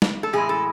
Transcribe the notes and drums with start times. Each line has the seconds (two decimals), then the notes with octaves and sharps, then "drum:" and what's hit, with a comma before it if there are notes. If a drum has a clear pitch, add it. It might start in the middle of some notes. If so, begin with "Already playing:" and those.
0.02 drum: snare
0.23 A4
0.33 A2 E3 G#3 G#4
0.49 A4